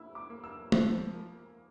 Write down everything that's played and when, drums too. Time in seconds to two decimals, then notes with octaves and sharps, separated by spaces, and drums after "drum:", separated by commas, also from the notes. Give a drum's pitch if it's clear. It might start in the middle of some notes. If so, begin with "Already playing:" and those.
Already playing: E4 E6
0.15 D6
0.30 A#3
0.44 E6
0.72 F3, drum: tom
1.14 A#3